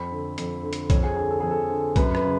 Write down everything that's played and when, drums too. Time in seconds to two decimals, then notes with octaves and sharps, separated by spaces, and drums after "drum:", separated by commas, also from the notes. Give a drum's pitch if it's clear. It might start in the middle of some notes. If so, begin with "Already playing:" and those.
Already playing: F2 B5
0.11 D3
0.38 F2, drum: hi-hat
0.63 D3
0.73 drum: hi-hat
0.90 F2 C#5, drum: kick B1, hi-hat
1.03 G#4
1.16 D3 G#4
1.30 A4
1.40 F2 G#4
1.51 A4
1.69 D3
1.96 F#2 B4, drum: kick B1, hi-hat
2.15 B4, drum: rim click
2.24 C#3